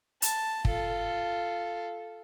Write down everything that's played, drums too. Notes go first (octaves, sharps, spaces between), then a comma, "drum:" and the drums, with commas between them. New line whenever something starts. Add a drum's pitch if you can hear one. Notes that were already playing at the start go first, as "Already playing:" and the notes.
A5, drum: hi-hat
F4 A4, drum: kick